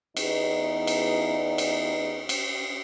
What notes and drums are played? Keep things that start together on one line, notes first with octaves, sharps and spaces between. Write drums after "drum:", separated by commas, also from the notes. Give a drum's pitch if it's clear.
E2 D#4, drum: cymbal
drum: cymbal
drum: cymbal
drum: cymbal